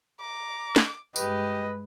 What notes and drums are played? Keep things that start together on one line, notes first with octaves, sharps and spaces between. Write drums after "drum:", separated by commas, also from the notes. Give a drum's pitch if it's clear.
A#5 D6
drum: snare
G2 G#3 G4 B4 D#5, drum: tambourine